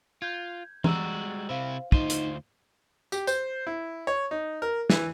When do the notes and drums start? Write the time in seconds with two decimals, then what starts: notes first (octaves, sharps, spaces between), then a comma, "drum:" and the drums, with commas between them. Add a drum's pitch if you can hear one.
0.22 F4 G6 G#6
0.84 G3 G#3 F#4 A#5 E6, drum: tom E3
1.49 C3 E4 C5 F5
1.92 D2 D#4 F4 C5 D#7, drum: kick
2.10 drum: hi-hat
3.12 G4, drum: tambourine
3.27 C5, drum: tambourine
3.67 E4
4.07 C#5
4.31 D#4
4.62 A#4
4.90 E3, drum: snare